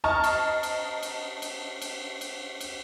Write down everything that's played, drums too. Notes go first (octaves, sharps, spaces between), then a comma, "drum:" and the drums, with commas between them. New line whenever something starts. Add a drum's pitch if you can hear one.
D#5 A5 A#5 C#6 F6
drum: cymbal
drum: cymbal
drum: cymbal
drum: cymbal
drum: cymbal
drum: cymbal
drum: cymbal